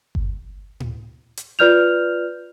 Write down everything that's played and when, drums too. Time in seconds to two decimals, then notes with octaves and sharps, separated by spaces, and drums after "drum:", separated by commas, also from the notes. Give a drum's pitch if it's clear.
0.15 drum: kick G1
0.80 drum: tom A2
1.37 drum: hi-hat
1.59 F4 B4 D5 F6 G6 F7